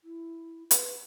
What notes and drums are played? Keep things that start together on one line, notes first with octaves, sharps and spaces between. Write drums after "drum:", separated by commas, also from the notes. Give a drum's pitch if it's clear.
E4
B4, drum: hi-hat